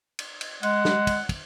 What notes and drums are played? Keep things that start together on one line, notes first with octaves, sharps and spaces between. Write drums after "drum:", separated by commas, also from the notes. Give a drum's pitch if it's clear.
drum: cymbal
drum: cymbal
G#3 F#5, drum: cymbal
drum: snare
drum: kick, cymbal
drum: kick, cymbal